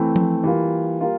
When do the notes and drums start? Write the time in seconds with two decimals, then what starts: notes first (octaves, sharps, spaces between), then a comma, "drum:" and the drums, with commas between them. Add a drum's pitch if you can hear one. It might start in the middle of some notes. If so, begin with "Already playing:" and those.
Already playing: E3 A3 C4
0.16 drum: tom F3
0.43 E3 G3 A#3 F4
1.01 G3 A#3 F4 A#4